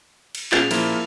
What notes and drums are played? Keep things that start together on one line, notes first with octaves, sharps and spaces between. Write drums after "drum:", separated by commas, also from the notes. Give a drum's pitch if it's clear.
drum: cymbal
A#2 C#4 F4 F#4 G#4 A6 F7, drum: clap
F3 A#3 E4, drum: cymbal